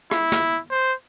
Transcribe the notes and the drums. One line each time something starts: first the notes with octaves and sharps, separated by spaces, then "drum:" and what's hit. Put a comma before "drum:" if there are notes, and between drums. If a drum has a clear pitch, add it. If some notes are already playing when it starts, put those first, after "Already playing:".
E4, drum: rim click
drum: snare
C5